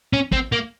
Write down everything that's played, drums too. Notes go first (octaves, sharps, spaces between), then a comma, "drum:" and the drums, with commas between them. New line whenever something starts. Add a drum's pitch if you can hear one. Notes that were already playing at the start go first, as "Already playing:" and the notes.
C#4
C4, drum: kick G#1
A#3